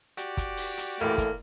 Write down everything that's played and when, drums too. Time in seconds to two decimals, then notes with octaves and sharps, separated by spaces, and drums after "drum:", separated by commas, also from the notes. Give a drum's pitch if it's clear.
0.17 F#4 G4 D5, drum: hi-hat
0.37 drum: kick, hi-hat
0.57 drum: open hi-hat
0.78 drum: hi-hat
1.01 A#1 A2 E3 A3 A#3
1.18 drum: kick, hi-hat